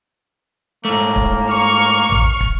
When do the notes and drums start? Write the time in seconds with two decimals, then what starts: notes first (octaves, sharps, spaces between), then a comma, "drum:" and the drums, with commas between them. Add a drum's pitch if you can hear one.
0.85 G#2 A3 A#3
1.16 drum: kick
1.50 C#6 F6 C#7
2.09 drum: tom A1
2.40 drum: kick